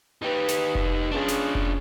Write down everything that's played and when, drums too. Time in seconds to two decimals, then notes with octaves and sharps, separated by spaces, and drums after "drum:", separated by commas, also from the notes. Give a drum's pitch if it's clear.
0.22 D#4 G4 B4
0.48 drum: snare
0.75 drum: kick F1
1.11 C#4 D4 F4 G#4
1.28 drum: snare
1.55 drum: kick F1